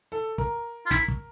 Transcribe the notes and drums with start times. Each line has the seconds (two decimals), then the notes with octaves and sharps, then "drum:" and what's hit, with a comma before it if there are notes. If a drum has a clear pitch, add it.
0.12 A4
0.38 A#4, drum: kick
0.86 F4
0.91 E4, drum: snare
1.08 drum: kick